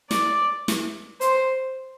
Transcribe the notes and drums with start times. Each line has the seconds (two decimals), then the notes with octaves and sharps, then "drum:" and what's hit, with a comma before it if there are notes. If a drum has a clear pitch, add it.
0.11 D5, drum: snare
0.68 drum: snare
1.21 C5, drum: hi-hat